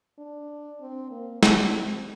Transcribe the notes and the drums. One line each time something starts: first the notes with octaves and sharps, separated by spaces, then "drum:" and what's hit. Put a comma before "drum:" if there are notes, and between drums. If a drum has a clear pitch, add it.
D4
C4
A#3
G3, drum: snare
C4